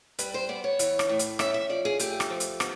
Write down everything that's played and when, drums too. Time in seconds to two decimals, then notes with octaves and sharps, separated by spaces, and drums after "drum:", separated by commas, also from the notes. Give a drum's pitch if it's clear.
0.19 G3 B4, drum: hi-hat
0.34 C5
0.49 B3 D5
0.64 C#5
0.79 E3, drum: hi-hat
0.99 drum: rim click
1.09 A2
1.19 drum: hi-hat
1.39 C#4 E5, drum: rim click
1.54 E5
1.69 F3 D5
1.85 G#4
1.99 A3 G4, drum: hi-hat
2.20 drum: rim click
2.30 F3
2.40 drum: hi-hat
2.60 B3, drum: rim click